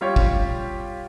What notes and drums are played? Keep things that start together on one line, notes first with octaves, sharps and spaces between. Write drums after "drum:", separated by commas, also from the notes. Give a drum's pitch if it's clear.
G3 F4 G4 C#5
drum: kick